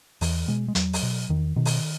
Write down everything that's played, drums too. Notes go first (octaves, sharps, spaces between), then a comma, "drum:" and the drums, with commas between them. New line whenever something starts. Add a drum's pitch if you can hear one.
E2 E3, drum: open hi-hat
B2 G#3
G#3
E2 F#3, drum: hi-hat
drum: open hi-hat
B2
E2 D#3
B2 D#3
drum: open hi-hat